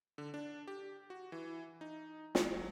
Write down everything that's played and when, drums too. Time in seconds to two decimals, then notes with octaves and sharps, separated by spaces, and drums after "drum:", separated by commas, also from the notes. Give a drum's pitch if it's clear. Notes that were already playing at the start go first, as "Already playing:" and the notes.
0.18 D3
0.34 D4
0.67 G4
1.10 F#4
1.32 E3
1.81 D#4
2.35 D#3, drum: snare
2.54 F#3